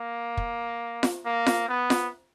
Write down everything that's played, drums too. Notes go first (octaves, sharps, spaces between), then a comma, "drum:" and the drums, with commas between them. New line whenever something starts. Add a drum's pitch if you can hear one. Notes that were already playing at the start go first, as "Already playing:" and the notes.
Already playing: A#3
drum: kick
drum: snare F4
A#3
drum: snare F4
B3
drum: snare F4